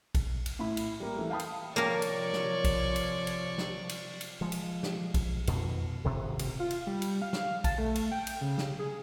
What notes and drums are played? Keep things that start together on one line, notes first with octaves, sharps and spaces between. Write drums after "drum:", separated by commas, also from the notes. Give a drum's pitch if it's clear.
drum: kick A#1, cymbal
drum: cymbal
A2 E4 B5
drum: cymbal
G3 A#3
E3 A3
F5 G5 A5 B5 D#6
drum: cymbal
C3 F3 A#3 A#4 C#5 D5 C#6
drum: cymbal
drum: snare
drum: kick A#1, cymbal
drum: cymbal
drum: cymbal
drum: snare
drum: cymbal
drum: cymbal
F3 G#3
drum: cymbal
drum: snare
drum: kick A#1, cymbal
F2 B2 D#3, drum: cymbal
D#1 G#1 C3
drum: cymbal
F4
drum: cymbal
G3
drum: cymbal
F5
drum: snare
A5, drum: kick A#1, cymbal
A3
drum: cymbal
G5
drum: cymbal
C#3
drum: snare
G#4